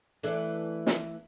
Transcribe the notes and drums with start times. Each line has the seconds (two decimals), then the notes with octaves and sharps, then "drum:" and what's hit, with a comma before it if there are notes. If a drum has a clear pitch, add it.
0.23 E3 A3 D4
0.87 drum: snare